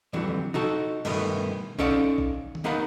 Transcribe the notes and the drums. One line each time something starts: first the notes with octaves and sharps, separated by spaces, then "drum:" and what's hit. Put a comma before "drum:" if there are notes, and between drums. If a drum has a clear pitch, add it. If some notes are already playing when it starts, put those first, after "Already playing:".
F2 D3 E3 F#3 G3
D#4 F#4 A4, drum: tom B2
G2 B2 D#3 A3 B3, drum: cymbal
C#4 D#4 A4 D5 F5 F#5, drum: kick A#1
drum: kick A#1
drum: tom D#3
A#3 B3 D#4 A#4 F5 B5